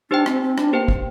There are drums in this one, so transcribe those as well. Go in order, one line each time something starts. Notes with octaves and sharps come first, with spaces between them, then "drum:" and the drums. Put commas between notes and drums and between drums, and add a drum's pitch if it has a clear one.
D4 D#4 G4 C5 G5
C4, drum: rim click
C4
D4, drum: rim click
A#3 G4 C5 G5
drum: kick